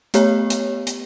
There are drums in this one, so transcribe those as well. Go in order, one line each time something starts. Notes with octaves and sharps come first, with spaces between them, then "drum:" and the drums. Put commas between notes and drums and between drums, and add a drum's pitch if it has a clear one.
A3 B3 G4 C#5, drum: hi-hat
drum: hi-hat
drum: hi-hat